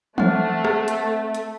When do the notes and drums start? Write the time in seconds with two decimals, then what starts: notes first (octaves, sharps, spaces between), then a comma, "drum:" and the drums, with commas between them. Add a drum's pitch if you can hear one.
0.18 A3 C4 F#5, drum: tom E3
0.65 drum: rim click
0.88 drum: hi-hat
1.35 drum: hi-hat